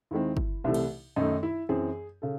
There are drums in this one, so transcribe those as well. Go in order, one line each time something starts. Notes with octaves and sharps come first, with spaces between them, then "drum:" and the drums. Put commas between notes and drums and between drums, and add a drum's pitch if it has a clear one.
D#2 D#3 G#3 C4 E4
drum: kick
C2 C3 E3 A3
drum: cymbal
F#2 D#3 A3 D#4
E4
F#2 E3 C4 G#4
C#3 A4